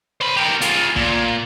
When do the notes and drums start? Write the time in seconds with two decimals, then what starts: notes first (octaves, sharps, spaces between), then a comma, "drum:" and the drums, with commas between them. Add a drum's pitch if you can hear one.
0.21 C5 B5
0.36 G4 A#4
0.62 F4 G#4, drum: hi-hat
0.96 A#2, drum: kick